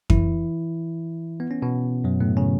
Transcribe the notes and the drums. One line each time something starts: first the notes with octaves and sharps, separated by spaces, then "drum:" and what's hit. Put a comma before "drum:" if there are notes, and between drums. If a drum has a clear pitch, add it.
E3 E4, drum: kick F2
B3
C#4
B2 B3
F#2 F#3
A2 A3
C#3 C#4